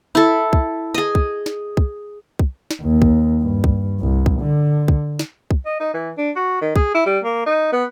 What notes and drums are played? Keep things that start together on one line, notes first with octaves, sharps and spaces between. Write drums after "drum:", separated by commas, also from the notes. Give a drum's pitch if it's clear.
E4 A4
drum: kick
G#4 D#5
drum: kick
drum: snare
drum: kick
drum: kick
drum: snare
D#2
drum: kick
G2
drum: kick
C2
drum: kick
D3
drum: kick
drum: snare
drum: kick
D#5
D#4
E3
D4
F#4
D#3
G#4, drum: kick
E4
G3
A#3
D#4
B3